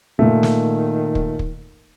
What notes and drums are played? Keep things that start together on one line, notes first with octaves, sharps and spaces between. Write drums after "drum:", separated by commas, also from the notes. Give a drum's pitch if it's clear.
A#2 D#3 A3
drum: snare
drum: kick
drum: kick